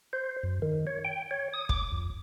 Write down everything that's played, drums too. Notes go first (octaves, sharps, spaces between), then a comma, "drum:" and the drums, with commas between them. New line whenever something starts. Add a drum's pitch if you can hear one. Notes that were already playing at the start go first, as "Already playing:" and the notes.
C5
F#2
D#3
C#5
G5
C#5
D#6
D6, drum: kick
F2